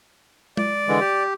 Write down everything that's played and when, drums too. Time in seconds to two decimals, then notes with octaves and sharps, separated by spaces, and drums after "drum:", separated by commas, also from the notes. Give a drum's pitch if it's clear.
0.57 D5, drum: tom G#3
0.88 D3 E3 G#3
1.00 G4